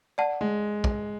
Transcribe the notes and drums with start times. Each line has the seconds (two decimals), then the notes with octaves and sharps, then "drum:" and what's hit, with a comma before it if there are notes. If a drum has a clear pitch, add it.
0.18 D5 F#5 A5
0.41 G#3
0.84 drum: kick